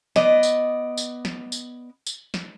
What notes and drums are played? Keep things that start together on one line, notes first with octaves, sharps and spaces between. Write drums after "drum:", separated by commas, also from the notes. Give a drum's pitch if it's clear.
B3 D5 D#5, drum: snare
drum: tambourine
drum: tambourine
drum: snare
drum: tambourine
drum: tambourine
drum: snare